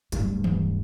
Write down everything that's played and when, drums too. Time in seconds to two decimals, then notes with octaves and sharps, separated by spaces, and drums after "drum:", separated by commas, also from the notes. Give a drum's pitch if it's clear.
0.12 D1 G2, drum: hi-hat
0.44 drum: tom D#3